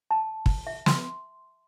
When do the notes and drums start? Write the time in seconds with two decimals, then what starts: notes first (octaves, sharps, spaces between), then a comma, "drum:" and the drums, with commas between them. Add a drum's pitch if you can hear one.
0.11 A5
0.46 drum: kick
0.67 E5
0.86 C6, drum: snare